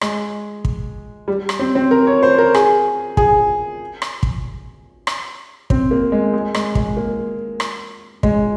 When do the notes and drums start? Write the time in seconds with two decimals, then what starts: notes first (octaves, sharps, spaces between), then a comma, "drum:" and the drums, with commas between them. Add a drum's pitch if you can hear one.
0.01 G#3, drum: rim click
0.65 drum: kick
1.28 G3
1.49 drum: rim click
1.59 C4
1.75 C4
1.91 A#4
2.07 C#5
2.23 C5
2.38 A#4
2.54 G#4, drum: rim click
3.17 G#4, drum: kick
4.02 drum: rim click
4.23 drum: kick
5.07 drum: rim click
5.70 C4, drum: kick
5.91 A#3
6.12 G#3
6.34 G#3
6.54 G#3, drum: rim click
6.75 G#3, drum: kick
6.97 A#3
7.60 drum: rim click
8.23 G#3, drum: kick